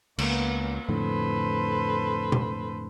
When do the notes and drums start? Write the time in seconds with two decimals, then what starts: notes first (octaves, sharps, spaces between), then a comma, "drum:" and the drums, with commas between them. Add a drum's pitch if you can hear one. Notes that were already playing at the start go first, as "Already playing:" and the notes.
0.18 C#2 A#3 B3, drum: cymbal
0.89 F2 A2 D3 A4 B4 C5
2.32 drum: tom B2